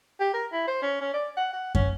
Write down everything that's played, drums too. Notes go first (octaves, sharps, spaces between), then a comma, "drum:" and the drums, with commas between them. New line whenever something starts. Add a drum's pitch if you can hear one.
G4
A#4
E4
C5
C#4
C#4
D5
F#5
F#5
C#4, drum: kick F#2